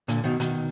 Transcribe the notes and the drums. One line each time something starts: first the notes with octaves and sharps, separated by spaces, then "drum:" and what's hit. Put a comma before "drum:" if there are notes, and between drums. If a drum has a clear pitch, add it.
A#2 D3, drum: hi-hat
B2 D#3
B2 D#3, drum: hi-hat